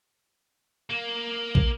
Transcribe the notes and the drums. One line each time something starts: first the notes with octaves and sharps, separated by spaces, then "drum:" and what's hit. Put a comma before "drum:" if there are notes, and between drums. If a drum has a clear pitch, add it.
A#3
drum: kick